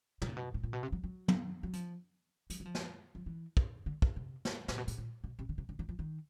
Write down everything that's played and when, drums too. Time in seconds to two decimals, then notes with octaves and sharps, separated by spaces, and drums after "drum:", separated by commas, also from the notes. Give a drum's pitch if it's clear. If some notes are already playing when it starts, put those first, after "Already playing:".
0.22 B2, drum: tom
0.29 A#2
0.37 B2
0.54 A2
0.63 A#2
0.73 B2
0.83 C3
0.92 F#3
1.04 F#3
1.28 drum: tom
1.63 F#3
1.73 F3, drum: hi-hat
2.50 F#3, drum: hi-hat
2.60 F#3
2.66 F3
2.75 drum: snare
3.15 F3
3.26 E3
3.57 drum: kick
3.86 D3
4.02 C#3, drum: kick
4.16 C3
4.45 drum: snare
4.68 A#2, drum: snare
4.78 B2
4.87 A#2, drum: hi-hat
4.98 A#2
5.24 B2
5.39 C3
5.49 D3
5.58 C3
5.69 D3
5.79 D#3
5.89 F3
5.99 D#3